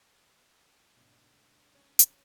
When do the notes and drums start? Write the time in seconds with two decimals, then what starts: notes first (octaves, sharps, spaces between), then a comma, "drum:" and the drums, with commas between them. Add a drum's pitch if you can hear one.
0.97 D2 G#2 B2
1.75 C#4
1.99 drum: hi-hat